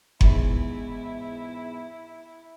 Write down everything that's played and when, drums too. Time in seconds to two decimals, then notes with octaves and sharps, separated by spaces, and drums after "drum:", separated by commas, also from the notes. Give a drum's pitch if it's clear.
0.21 E2 G#2 E4, drum: kick F#1